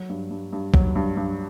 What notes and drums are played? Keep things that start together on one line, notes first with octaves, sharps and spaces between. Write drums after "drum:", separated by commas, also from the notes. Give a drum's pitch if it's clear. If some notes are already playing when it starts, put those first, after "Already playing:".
Already playing: F#3
G2
G2
G2
F#3, drum: kick
G2
G2